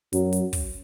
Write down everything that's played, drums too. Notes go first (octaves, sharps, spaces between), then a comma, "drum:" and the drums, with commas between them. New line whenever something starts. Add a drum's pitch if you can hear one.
F#2 F#3, drum: hi-hat
drum: hi-hat
drum: kick, open hi-hat